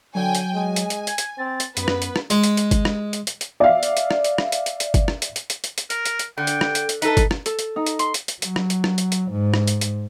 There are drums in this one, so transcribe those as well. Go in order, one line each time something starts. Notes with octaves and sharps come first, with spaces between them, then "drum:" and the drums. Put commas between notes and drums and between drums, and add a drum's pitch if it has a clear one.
D3 F#3 G5 G#5
drum: hi-hat
G#3 G#5
drum: hi-hat
drum: hi-hat
G#6, drum: hi-hat
drum: hi-hat
C4 A6
drum: hi-hat
F#2 B3 B4, drum: hi-hat
drum: rim click
drum: hi-hat
drum: rim click
G#3, drum: hi-hat
drum: hi-hat
drum: hi-hat
drum: kick, hi-hat
drum: rim click
drum: hi-hat
drum: hi-hat
drum: hi-hat
D5 E5 F5
drum: hi-hat
drum: hi-hat
drum: rim click
drum: hi-hat
drum: rim click
drum: hi-hat
drum: hi-hat
drum: hi-hat
drum: kick, hi-hat
drum: rim click
drum: hi-hat
drum: hi-hat
drum: hi-hat
drum: hi-hat
drum: hi-hat
A#4, drum: hi-hat
drum: hi-hat
drum: hi-hat
D3 G5
drum: hi-hat
drum: rim click
drum: hi-hat
drum: hi-hat
D#4 A4 B4, drum: hi-hat
drum: kick, hi-hat
drum: rim click
A4, drum: hi-hat
drum: hi-hat
D#4
drum: hi-hat
C6, drum: hi-hat
drum: hi-hat
drum: hi-hat
F#3, drum: hi-hat
drum: rim click
drum: hi-hat
drum: rim click
drum: hi-hat
drum: hi-hat
G#2
drum: rim click
drum: hi-hat
drum: hi-hat